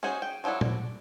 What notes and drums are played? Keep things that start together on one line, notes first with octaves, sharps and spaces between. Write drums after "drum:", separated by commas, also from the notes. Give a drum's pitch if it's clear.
C#4 D#4 F#4 G#4 C5
G5
F3 F#3 D4 E4 A4
D5, drum: tom